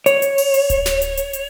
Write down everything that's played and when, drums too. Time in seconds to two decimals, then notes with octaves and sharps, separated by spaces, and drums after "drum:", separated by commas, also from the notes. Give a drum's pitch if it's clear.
0.06 C#5, drum: hi-hat
0.22 drum: hi-hat
0.38 drum: open hi-hat
0.54 drum: hi-hat
0.70 drum: kick D1, hi-hat
0.86 drum: snare
1.02 drum: hi-hat
1.17 drum: hi-hat
1.33 drum: hi-hat